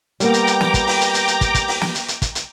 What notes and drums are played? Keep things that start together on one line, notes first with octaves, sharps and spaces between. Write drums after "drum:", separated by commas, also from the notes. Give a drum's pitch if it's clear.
G3 A#3 B3 G5 A#5 D6, drum: hi-hat
drum: hi-hat
drum: hi-hat
drum: snare
drum: kick, hi-hat
drum: open hi-hat
drum: hi-hat
drum: hi-hat
drum: hi-hat
drum: kick, hi-hat
drum: kick, hi-hat
drum: open hi-hat
drum: snare
drum: hi-hat
drum: hi-hat
drum: kick, hi-hat
drum: hi-hat